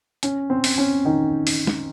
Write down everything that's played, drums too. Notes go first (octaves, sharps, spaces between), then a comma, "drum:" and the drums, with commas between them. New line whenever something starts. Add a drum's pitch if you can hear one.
C#4, drum: hi-hat
C4
drum: open hi-hat
C#4
D#3 D#4
drum: open hi-hat
drum: snare